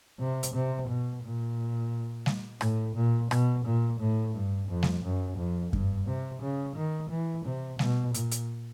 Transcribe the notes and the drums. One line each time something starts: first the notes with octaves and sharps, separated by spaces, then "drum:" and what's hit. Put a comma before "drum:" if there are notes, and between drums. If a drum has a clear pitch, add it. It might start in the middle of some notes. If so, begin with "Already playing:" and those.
C3
drum: hi-hat
C3
B2
A#2
drum: snare G3
A2, drum: rim click
A#2
B2, drum: rim click
A#2
A2
G2
F2
drum: snare G3
F#2
F2
G2, drum: kick F#2
C3
C#3
D#3
E3
C3
B2, drum: snare G3
A#2, drum: hi-hat
drum: hi-hat